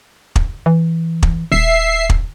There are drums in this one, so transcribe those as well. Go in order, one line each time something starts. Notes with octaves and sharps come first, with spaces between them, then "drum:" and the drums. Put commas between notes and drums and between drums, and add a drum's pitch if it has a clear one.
drum: kick
E3
drum: kick
D#1 E5 C7
drum: kick